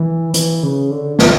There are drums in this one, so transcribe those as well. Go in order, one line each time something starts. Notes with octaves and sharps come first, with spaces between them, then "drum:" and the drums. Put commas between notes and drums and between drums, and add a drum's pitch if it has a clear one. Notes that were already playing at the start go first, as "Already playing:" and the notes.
Already playing: E3
E3, drum: hi-hat
C#3
D3
D3, drum: snare